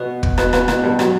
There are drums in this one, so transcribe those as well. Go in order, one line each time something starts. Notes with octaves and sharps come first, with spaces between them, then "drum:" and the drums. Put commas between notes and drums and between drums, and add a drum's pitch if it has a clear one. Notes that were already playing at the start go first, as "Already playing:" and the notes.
Already playing: B2 B3
drum: kick
B2 B3, drum: rim click
B2 B3, drum: rim click
B2 B3, drum: rim click
G2 G3
F#3, drum: rim click